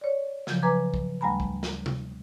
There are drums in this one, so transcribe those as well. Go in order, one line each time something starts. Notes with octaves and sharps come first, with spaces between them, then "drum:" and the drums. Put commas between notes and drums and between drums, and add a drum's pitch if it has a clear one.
C#5 D5
C#3 F3 F#3 G6, drum: snare
B4 G#5 A#5 D6 G#6
drum: kick
D2 G3 A3 G#5 A#5 B5
drum: kick
drum: snare
drum: tom C3